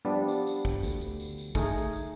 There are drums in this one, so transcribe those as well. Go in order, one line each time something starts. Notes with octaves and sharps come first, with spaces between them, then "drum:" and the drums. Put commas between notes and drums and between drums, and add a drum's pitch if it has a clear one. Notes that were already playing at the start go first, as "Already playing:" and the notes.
F3 G3 B3 D4
drum: tambourine
drum: tambourine
drum: kick
D2, drum: tambourine
drum: tambourine
drum: tambourine
drum: tambourine
A3 D#4 G#4, drum: kick, tambourine
drum: tambourine